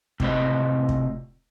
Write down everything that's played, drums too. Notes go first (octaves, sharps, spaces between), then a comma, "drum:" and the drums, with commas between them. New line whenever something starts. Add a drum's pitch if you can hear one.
A2 C3 F4 C5 D#5 B5, drum: kick
drum: kick